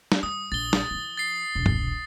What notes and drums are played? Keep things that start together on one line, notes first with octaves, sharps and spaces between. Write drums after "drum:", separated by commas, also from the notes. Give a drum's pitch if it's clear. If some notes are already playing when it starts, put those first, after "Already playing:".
drum: snare
G3 D#6
A#1 A6 G7
drum: snare
F3 E4
A6 C7
E1 C2
drum: tom G2